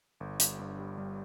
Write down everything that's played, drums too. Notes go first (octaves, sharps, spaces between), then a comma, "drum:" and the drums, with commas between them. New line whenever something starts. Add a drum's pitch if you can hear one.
G1
G3, drum: hi-hat
G2
G3
G3